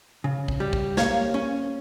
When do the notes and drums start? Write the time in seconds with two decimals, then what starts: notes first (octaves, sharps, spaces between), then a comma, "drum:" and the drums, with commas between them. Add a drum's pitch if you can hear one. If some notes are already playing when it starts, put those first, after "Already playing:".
0.24 C#3
0.48 drum: kick
0.60 G3
0.73 drum: kick
0.97 A#3 C#5 F5, drum: snare
1.34 C#4